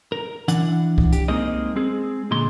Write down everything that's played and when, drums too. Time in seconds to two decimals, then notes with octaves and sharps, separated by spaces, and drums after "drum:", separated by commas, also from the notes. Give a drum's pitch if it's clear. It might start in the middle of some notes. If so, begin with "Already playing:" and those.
0.12 A#4
0.48 E3 D4 F#5, drum: hi-hat
0.98 drum: kick C2
1.13 G4, drum: hi-hat
1.28 G#3 A#3 C4 D#4 G#4 D#5
1.76 G#3 C4 G#4
2.31 A#2 D3 G#3 C6